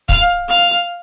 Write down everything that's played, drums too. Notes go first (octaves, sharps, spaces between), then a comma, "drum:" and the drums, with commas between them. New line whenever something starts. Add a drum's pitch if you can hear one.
F5, drum: kick C#1
F5